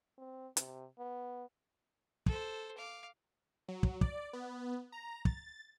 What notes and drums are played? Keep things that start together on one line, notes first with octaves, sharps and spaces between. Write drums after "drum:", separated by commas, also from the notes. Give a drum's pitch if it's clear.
C4
C3, drum: hi-hat
B3
A4 C5, drum: kick
F5 D6
F#3
drum: kick
D5, drum: kick
B3
A#5
A6, drum: kick